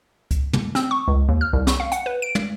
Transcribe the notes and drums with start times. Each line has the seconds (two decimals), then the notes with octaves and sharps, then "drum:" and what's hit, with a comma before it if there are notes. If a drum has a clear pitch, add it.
0.31 drum: kick C#2, hi-hat
0.53 drum: tom
0.75 C4, drum: snare
0.91 C#6
1.08 C#2
1.28 D#2
1.41 F6
1.53 C2
1.67 C#6, drum: snare
1.80 F5
1.92 F#5, drum: hi-hat
2.06 B4
2.22 D7
2.35 drum: tom